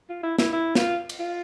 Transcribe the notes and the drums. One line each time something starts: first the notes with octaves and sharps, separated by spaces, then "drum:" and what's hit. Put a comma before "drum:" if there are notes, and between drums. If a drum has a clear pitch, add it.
F4
E4
E4, drum: snare
E4
F4, drum: snare
drum: cymbal
F4